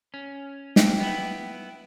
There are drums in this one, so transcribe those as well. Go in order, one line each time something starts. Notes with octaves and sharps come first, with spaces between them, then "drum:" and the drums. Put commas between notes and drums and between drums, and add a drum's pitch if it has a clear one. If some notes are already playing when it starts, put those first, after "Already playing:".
C#4
G5, drum: snare
B3 E4